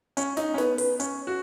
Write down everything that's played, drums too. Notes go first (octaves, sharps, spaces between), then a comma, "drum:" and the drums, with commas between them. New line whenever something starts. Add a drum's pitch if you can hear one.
C#4, drum: hi-hat
D#4, drum: snare
C#4
B3, drum: snare
B3, drum: open hi-hat
C#4, drum: hi-hat
F#4